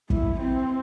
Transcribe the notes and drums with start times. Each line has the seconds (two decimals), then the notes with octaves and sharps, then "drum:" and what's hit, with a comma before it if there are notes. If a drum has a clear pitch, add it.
0.10 E4, drum: kick
0.41 C4